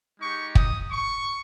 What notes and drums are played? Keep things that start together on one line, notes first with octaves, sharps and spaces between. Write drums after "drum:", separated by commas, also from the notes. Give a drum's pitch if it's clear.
G#3 D#4 G4 C#6
D#6, drum: kick
C#6